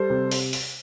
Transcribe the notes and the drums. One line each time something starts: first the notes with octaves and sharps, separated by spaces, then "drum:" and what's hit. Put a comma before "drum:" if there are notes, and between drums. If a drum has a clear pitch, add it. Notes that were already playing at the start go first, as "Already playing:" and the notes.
Already playing: G3 A4 C5
C3
drum: open hi-hat
drum: open hi-hat